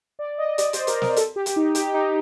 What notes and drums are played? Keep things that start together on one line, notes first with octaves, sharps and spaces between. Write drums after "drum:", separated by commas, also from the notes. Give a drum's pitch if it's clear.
D5
D#5
D5, drum: hi-hat
C5, drum: hi-hat
A#4, drum: hi-hat
A#4, drum: snare
A4, drum: hi-hat
G4
drum: hi-hat
D#4
G4, drum: hi-hat
D#4